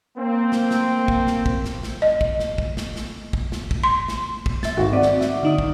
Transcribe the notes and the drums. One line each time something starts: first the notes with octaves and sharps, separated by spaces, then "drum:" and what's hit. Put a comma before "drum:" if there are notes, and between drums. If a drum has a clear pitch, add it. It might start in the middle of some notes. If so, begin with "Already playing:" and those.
A#3 C4
drum: snare
drum: snare
drum: kick
drum: snare
drum: kick
drum: snare
drum: snare
D#5
drum: kick
drum: snare
drum: kick
drum: snare
drum: snare
drum: kick
drum: snare
drum: kick
C6
drum: snare
drum: kick
E5 A6, drum: snare
G#1 F#4
C4 D5 F#5
drum: snare
E5, drum: snare
D3 D#4 D#6
drum: kick